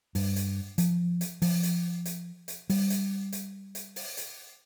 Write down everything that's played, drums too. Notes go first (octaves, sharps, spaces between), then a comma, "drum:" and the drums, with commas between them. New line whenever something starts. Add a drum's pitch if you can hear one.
G2, drum: open hi-hat
drum: hi-hat
F3, drum: hi-hat
drum: hi-hat
F3, drum: open hi-hat
drum: hi-hat
drum: hi-hat
drum: hi-hat
G3, drum: open hi-hat
drum: hi-hat
drum: hi-hat
drum: hi-hat
drum: open hi-hat
drum: hi-hat